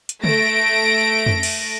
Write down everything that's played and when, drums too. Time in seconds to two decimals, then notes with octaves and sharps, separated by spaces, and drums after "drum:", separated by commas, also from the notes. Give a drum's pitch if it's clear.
0.09 drum: hi-hat
0.24 A3 A#6 D7, drum: tom C#3
1.26 drum: tom F2
1.43 drum: cymbal